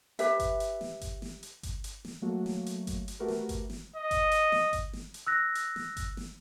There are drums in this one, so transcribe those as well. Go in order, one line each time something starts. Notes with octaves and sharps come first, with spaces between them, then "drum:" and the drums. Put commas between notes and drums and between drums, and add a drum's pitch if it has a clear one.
G4 B4 E5, drum: hi-hat
drum: kick G1, hi-hat
drum: hi-hat
drum: snare
drum: kick G1, hi-hat
drum: snare
drum: hi-hat
drum: kick G1, hi-hat
drum: hi-hat
drum: snare
F#3 A3 A#3 F#4
drum: snare
drum: hi-hat
drum: kick G1, hi-hat
drum: hi-hat
A3 F#4 G4 A#4 B4
drum: snare
drum: kick G1, hi-hat
drum: snare
D#5
drum: kick G1, hi-hat
drum: hi-hat
drum: snare
drum: kick G1, hi-hat
drum: snare
drum: hi-hat
E6 F#6 A#6
drum: hi-hat
drum: snare
drum: kick G1, hi-hat
drum: snare